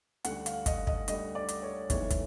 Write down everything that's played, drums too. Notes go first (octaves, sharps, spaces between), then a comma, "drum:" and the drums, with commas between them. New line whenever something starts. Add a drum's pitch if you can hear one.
D2 D3 G3 F#5, drum: hi-hat
F5, drum: hi-hat
D#5, drum: kick, hi-hat
D#5, drum: kick
D2 D3 G3 D#5, drum: hi-hat
D5
drum: hi-hat
C#5
B1 A2 E3 G#3 C#5, drum: kick, hi-hat
drum: kick, hi-hat